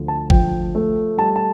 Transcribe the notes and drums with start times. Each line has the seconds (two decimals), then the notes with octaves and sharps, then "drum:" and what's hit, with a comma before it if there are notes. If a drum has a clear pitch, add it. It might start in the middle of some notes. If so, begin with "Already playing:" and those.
Already playing: D2 F3
0.08 A5
0.30 F3 G5, drum: kick G#1
0.75 A3
1.18 G3 A5
1.36 A5